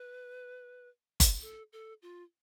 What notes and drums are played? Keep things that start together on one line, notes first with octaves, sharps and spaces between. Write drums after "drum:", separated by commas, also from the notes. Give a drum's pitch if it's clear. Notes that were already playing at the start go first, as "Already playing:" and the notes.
Already playing: B4
drum: kick G1, hi-hat
A4
A4
F4